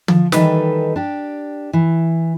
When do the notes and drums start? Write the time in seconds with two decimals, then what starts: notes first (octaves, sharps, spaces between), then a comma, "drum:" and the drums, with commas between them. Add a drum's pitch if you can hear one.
0.08 F3, drum: tom D3
0.32 D#3 E3 G3 D#4 A4 B4, drum: snare
0.96 D4 G4
1.73 E3